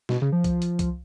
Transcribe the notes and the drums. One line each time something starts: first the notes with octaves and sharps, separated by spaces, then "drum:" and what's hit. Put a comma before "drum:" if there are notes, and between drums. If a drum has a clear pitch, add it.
B2, drum: snare
C#3
F3
drum: kick C2, hi-hat
drum: hi-hat
drum: kick C2, hi-hat